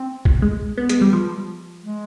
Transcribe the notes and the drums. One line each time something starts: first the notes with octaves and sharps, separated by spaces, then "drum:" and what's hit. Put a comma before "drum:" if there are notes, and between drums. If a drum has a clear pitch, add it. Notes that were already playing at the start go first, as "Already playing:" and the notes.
Already playing: C4
drum: kick
G#3
B3
G#3, drum: hi-hat
G3
F3
G#3